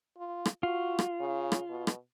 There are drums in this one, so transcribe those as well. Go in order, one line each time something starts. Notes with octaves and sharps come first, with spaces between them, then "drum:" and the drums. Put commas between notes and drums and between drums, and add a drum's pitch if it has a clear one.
F4
drum: rim click
F4 F#4
drum: rim click
C#3
drum: rim click
B2
drum: rim click